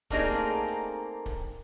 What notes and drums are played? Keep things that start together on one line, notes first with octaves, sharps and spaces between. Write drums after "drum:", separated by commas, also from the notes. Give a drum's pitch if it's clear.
A3 A#3 C4 D4 D#4 G#4, drum: kick D1, hi-hat
drum: hi-hat
drum: kick D1, hi-hat